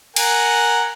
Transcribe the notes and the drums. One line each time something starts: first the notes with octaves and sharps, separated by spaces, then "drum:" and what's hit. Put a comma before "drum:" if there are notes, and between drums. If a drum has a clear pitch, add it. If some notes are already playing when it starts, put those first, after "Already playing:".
A#4 F#5 G#5, drum: cymbal